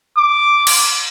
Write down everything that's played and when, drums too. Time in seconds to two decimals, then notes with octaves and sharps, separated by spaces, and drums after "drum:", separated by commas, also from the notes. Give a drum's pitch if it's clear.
0.18 D6
0.67 drum: cymbal